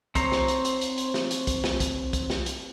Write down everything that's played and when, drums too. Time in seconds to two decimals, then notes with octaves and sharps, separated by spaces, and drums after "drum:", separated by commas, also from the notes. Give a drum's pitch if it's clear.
0.15 C4 C5 C#5 A#5, drum: kick, hi-hat
0.32 drum: snare
0.48 drum: hi-hat
0.65 drum: hi-hat
0.81 drum: hi-hat
0.98 drum: hi-hat
1.14 drum: snare
1.31 drum: hi-hat
1.47 drum: kick, hi-hat
1.64 drum: snare
1.80 drum: kick, hi-hat
2.13 drum: kick, hi-hat
2.30 drum: snare
2.46 drum: hi-hat